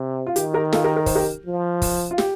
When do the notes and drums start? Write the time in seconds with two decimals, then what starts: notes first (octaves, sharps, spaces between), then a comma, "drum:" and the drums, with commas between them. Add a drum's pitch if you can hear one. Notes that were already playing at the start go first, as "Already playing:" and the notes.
Already playing: C3
0.27 F4
0.36 D#3 G4, drum: hi-hat
0.54 G4 A#4
0.73 F4 A4, drum: snare
0.84 G4 A#4
0.96 A#4
1.06 C5, drum: kick, open hi-hat
1.15 G4 A#4
1.46 F3
1.82 drum: kick, open hi-hat
2.11 F4
2.18 G4, drum: snare